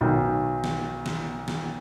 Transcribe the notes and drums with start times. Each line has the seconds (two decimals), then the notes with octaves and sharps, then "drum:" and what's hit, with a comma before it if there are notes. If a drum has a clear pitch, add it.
0.01 B1 D#3
0.64 drum: snare
1.06 drum: snare
1.48 drum: snare